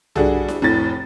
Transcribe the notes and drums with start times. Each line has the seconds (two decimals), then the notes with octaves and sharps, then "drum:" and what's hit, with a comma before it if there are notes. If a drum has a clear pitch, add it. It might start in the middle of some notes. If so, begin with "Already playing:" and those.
0.16 G3 D4 F#4 G#4 A4, drum: tom
0.48 drum: snare E4
0.62 F1 A2 A6